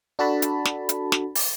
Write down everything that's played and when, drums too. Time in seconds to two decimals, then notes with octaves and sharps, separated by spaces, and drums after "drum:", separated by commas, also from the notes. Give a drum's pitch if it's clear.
0.19 D4 F#4 A4 A5 B5
0.42 drum: hi-hat
0.65 drum: snare
0.89 drum: hi-hat
1.12 drum: snare
1.35 drum: open hi-hat